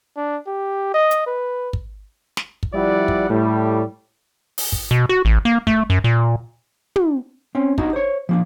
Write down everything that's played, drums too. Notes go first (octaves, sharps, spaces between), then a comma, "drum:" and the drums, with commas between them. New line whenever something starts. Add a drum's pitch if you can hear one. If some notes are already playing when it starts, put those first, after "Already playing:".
D4
G4
D#5
drum: hi-hat
B4
drum: kick
drum: snare
drum: kick
F3 G3 E4 D5 E5 F#5
drum: kick
A2 G3
drum: open hi-hat
drum: kick
B2
F#4
A1
A#3
A3, drum: kick
F#2
A#2
drum: tom
C4 C#4
D4 D#4 F#4, drum: kick
C5 C#5
F3 A#3 D4